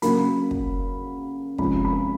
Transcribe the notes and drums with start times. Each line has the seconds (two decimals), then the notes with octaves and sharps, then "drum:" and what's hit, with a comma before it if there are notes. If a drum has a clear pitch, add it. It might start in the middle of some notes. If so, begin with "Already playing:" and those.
0.02 C#3 F#3 A#3 B5, drum: hi-hat
0.51 drum: kick
1.58 C3 F3 G#3 C#4 B5, drum: kick
1.85 B5